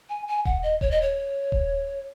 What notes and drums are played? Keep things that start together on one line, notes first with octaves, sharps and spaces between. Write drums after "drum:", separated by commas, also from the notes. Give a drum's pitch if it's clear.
G#5
G#5
F#5, drum: kick D#1
D#5
C#5, drum: kick D#1
D#5
C#5
drum: kick D#1